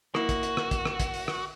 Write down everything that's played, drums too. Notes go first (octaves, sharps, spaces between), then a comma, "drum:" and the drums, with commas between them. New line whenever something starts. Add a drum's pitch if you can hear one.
A#3 E4 F#4, drum: rim click
drum: kick, hi-hat
drum: hi-hat
drum: rim click
drum: kick, hi-hat
drum: rim click
drum: kick, hi-hat
drum: open hi-hat
drum: rim click